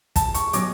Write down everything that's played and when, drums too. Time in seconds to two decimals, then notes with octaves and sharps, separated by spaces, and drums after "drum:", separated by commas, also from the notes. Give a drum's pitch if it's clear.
0.16 A5, drum: kick, hi-hat
0.34 C#6, drum: hi-hat
0.53 B2 F#3 C#4 D6, drum: hi-hat